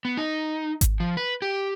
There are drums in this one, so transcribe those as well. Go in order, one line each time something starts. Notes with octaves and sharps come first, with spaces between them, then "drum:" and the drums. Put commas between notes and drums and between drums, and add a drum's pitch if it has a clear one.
B3
D#4
drum: kick G#1, hi-hat
F3
B4
G4